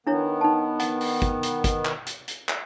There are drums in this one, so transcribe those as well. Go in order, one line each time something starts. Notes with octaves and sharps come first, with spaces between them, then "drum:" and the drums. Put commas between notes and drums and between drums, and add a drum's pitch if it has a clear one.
D#3 B3 D4 E4 C#5
D#4 A5
D#5 F#5, drum: hi-hat
drum: open hi-hat
drum: kick, hi-hat
drum: hi-hat
drum: kick, hi-hat
drum: clap
drum: hi-hat
drum: hi-hat
drum: clap